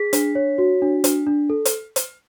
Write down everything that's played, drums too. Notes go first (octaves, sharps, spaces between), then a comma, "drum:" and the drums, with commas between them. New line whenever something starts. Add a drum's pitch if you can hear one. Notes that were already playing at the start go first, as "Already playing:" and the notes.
Already playing: G#4 B6
D4, drum: hi-hat
C#5
F#4
D4
D4, drum: hi-hat
D4
A4
drum: hi-hat
drum: hi-hat